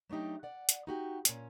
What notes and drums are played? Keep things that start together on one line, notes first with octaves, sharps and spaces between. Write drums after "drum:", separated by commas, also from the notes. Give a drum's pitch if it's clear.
F#3 A3 D4 D#4 G4
D5 F#5
drum: hi-hat
D#4 F#4 G4
A#2 C#4, drum: hi-hat